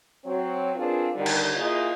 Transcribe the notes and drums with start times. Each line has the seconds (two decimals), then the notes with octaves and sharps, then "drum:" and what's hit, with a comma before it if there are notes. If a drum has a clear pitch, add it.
0.25 F#3 C4 C#5
0.76 C4 D4 F4 G#4 A#4 B4
1.15 D3 D#3 G3
1.26 drum: cymbal
1.57 A#3 E4 F4 G#4 D#5